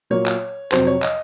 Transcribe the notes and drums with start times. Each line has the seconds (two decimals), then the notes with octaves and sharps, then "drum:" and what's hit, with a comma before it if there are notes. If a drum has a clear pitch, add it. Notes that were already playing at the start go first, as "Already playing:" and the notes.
0.10 A#2 F#3 A#3 F4 C#5
0.26 drum: clap
0.72 F2 C3 F#3 C5, drum: clap
0.87 C#5
1.02 D#5, drum: clap